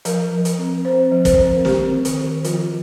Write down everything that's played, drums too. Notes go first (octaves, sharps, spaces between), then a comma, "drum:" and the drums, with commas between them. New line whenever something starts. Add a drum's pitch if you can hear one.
F3 A#4, drum: hi-hat
F3
drum: hi-hat
C4
C4 C5
F3
C5, drum: kick, hi-hat
C4
A#4
C4 G4, drum: snare
D#3
drum: hi-hat
D#3
F3 F4, drum: hi-hat